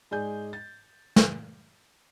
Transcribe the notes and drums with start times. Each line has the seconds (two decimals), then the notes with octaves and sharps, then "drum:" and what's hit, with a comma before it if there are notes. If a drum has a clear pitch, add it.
0.11 G#2 G#4 D5 G#5 G6
0.53 A6
1.16 drum: snare